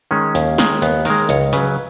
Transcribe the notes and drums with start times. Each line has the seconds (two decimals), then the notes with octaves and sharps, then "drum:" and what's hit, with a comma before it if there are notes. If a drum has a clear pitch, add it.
0.11 D#3 G#3 C#4
0.35 D#2, drum: hi-hat
0.58 D#3 G#3, drum: snare
0.82 D#2 B3, drum: hi-hat
1.05 D#3 G#3 A#4, drum: open hi-hat
1.29 C#2 C#5, drum: hi-hat
1.53 C#3 F#3 B4, drum: hi-hat